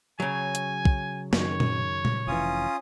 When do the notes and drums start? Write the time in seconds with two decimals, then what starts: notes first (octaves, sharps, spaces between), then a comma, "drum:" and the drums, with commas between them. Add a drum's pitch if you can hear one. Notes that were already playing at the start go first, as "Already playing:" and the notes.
0.20 C#3 F#3 G#5
0.55 drum: hi-hat
0.85 drum: kick
1.33 F#2 D#3 C#5, drum: snare
1.60 drum: tom A#2
2.05 drum: tom A#2
2.28 F1 E3 C#4 F4 D#6